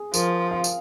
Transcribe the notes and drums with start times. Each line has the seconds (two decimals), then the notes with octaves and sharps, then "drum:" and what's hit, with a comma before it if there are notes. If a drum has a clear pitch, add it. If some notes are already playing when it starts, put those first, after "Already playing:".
Already playing: G#4
0.14 F3 A#4, drum: tambourine
0.51 F5
0.64 drum: tambourine